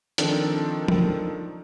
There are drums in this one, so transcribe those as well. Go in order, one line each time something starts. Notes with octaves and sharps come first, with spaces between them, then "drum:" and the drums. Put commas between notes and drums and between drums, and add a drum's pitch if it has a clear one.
D#3 F3 C4 D4 A4, drum: hi-hat
drum: tom